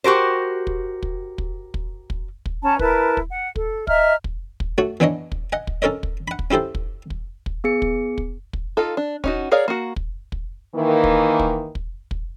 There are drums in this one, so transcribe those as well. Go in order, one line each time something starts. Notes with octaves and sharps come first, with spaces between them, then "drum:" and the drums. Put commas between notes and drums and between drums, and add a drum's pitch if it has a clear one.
F#4 G4 A#4 C5
drum: kick
drum: kick
drum: kick
drum: kick
drum: kick
drum: kick
C#4 A5 A#5
E4 A#4 B4 A5, drum: kick
drum: kick
F#5
A4, drum: kick
D#5 E5 A#5 F6, drum: kick
drum: kick
drum: kick
A3 F#4 C#5
E3 B3 D4 C#5 D#5
drum: kick
D#5 F#5 G#5
drum: kick
C#4 A4 A#4 C#5 D#5
drum: kick
F#5 B5
drum: kick
C#4 E4 G4 A4 C5
drum: kick
drum: kick
drum: kick
B3 G#4 C#7
drum: kick
drum: kick
drum: kick
D#4 F4 A4
D4
C#4 D#4 F#4, drum: kick
G#4 A#4 C#5 D5 F5
A#3 F#4
drum: kick
drum: kick
D#3 E3 A#3
drum: kick
drum: kick
drum: kick
drum: kick